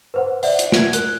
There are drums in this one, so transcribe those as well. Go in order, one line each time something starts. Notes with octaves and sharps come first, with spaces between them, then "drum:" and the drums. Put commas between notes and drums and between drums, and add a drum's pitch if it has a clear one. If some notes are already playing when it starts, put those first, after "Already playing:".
B4 C5 F#5
D5 E5 F#5, drum: open hi-hat
drum: hi-hat
G#6 D7, drum: snare
A#4 F#6 G7, drum: hi-hat